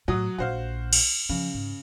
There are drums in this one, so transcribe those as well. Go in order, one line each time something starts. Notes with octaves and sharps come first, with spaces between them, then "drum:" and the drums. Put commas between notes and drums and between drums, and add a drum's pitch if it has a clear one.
A2 F#3 F#4 D#6
A#1 F#4 C5 F5
drum: cymbal
C#3 F3
G#2